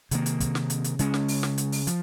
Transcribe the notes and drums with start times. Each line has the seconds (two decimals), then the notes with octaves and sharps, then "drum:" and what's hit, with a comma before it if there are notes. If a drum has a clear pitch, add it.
0.11 C3 D#3 A#3, drum: hi-hat
0.26 drum: hi-hat
0.40 drum: kick, hi-hat
0.55 drum: snare
0.70 drum: hi-hat
0.84 drum: hi-hat
0.99 C#3 G#3 C#4, drum: hi-hat
1.14 drum: snare
1.28 drum: open hi-hat
1.43 drum: snare
1.58 drum: hi-hat
1.72 drum: open hi-hat
1.87 F3, drum: hi-hat